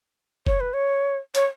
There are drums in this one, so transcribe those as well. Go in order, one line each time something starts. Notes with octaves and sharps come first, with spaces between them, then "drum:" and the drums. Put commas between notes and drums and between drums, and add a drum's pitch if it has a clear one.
C#5, drum: kick
B4
C#5
C#5, drum: hi-hat